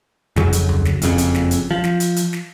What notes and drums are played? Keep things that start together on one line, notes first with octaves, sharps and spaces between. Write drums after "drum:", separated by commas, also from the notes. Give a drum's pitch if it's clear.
F1 F2 C#3 F#3, drum: snare
drum: hi-hat
drum: tom D2
drum: snare
F#1 F2 C#3, drum: hi-hat
drum: hi-hat
drum: snare
drum: hi-hat
F3
drum: snare
drum: hi-hat
drum: hi-hat
drum: snare